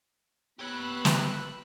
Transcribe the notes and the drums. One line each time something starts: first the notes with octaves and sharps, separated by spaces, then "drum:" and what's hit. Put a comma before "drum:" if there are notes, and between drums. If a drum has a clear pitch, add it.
B3 G4 C#5 B5 E6 F#6
drum: snare